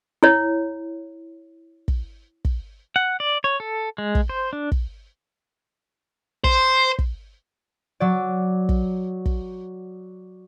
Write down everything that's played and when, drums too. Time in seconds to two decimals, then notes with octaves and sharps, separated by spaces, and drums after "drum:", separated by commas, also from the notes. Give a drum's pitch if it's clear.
0.23 E4 C#5
1.88 drum: kick
2.45 drum: kick
2.96 F#5
3.20 D5
3.44 C#5
3.60 A4
3.98 G#3
4.15 drum: kick
4.29 C5
4.53 D4
4.72 drum: kick
6.44 C5, drum: kick
6.99 drum: kick
8.00 F#3 D5
8.69 drum: kick
9.26 drum: kick